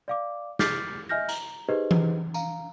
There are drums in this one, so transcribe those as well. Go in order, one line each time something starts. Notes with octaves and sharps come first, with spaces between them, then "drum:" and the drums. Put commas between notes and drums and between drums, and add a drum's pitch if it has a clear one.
D5 F5 D6
D6 F6 G6 A6 B6 C7, drum: snare
D#5 E5 G#5 F6 G6 A#6
A#5, drum: hi-hat
D#4 G4 G#4 B4 C5 D#5
drum: tom E3
F5 A#5, drum: tambourine